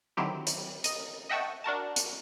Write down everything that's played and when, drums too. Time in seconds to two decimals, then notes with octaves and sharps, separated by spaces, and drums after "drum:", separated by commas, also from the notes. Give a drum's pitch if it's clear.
0.17 D3 D#3 F#3 C4 E4 G4
0.47 drum: hi-hat
0.84 D#5, drum: hi-hat
1.29 D#5 E5 F#5 G5 A5 C#6
1.64 D4 F#4 A#4 A5
1.96 drum: hi-hat